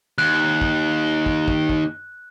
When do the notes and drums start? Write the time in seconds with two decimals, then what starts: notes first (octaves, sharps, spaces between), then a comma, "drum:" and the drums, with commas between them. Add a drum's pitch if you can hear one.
0.18 D#2 F#6
0.61 drum: kick
1.26 drum: kick
1.48 drum: kick
1.69 drum: kick